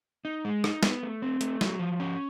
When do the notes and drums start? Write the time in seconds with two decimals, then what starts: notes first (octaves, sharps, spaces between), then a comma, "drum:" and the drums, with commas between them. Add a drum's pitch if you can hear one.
0.25 D#4
0.45 G#3
0.64 D#4, drum: rim click
0.83 B3, drum: snare
1.03 A3
1.22 C4
1.41 A3, drum: hi-hat
1.61 F#3, drum: snare
1.79 F3
2.00 C#4